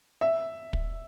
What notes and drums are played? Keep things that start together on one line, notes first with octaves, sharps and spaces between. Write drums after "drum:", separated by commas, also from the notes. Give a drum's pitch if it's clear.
E5
drum: kick